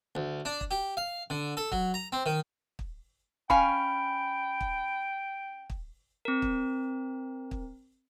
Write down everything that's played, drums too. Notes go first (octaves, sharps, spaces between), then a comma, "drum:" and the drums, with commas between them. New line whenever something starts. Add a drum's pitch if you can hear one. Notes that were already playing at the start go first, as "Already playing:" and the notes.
D2
D4
drum: kick
G4
F5
D3
A4
F#3, drum: kick
A#5
C4
D#3
drum: kick
C#4 F5 G5 G#5 B5, drum: kick
drum: kick
drum: kick
C4 A#4
drum: kick
drum: kick